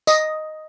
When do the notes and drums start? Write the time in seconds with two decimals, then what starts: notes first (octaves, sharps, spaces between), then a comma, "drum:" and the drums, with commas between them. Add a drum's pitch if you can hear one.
0.07 D#5, drum: tambourine